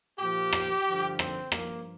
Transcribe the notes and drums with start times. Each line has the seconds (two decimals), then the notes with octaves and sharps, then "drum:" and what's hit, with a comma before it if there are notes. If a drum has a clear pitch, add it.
0.19 A#2 F3 G4
0.53 drum: rim click
0.86 G2 D3 F3
1.19 C4, drum: rim click
1.52 G2 F3 A#3, drum: rim click